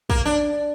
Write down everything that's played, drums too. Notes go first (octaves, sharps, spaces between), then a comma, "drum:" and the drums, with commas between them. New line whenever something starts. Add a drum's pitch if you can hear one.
A#3, drum: kick
D4